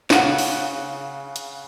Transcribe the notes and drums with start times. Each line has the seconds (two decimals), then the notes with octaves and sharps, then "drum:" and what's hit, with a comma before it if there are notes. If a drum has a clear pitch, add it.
0.10 C#3 F#5, drum: snare
0.38 drum: open hi-hat
1.36 drum: hi-hat